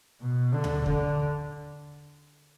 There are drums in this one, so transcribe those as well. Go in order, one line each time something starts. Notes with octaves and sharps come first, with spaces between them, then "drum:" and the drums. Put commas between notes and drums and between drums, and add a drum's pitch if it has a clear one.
B2
D3
drum: tom D2
D3, drum: kick D#2